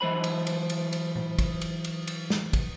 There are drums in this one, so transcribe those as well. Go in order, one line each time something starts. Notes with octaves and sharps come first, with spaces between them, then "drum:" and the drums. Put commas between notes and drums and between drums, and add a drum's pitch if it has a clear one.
E3 F#3 C5 B5
drum: cymbal
drum: cymbal
drum: cymbal
drum: cymbal
drum: tom A#2
drum: kick, cymbal
drum: cymbal
drum: cymbal
drum: cymbal
drum: snare
drum: kick, cymbal